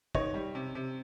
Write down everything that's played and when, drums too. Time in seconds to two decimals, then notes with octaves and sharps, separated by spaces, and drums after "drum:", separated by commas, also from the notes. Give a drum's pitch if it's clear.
0.15 D#3 C#5 D#5, drum: kick
0.34 G3
0.55 C3
0.75 C3